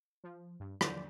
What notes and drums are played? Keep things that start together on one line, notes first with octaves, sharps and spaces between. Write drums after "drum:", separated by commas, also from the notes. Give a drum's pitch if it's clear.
F3
G2
D3 F3 F#3 D5 G6, drum: rim click